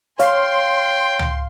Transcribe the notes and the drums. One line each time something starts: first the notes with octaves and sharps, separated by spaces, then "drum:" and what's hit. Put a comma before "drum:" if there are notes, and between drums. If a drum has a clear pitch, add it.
C#5 F5 G5 C6, drum: hi-hat
drum: tom C#2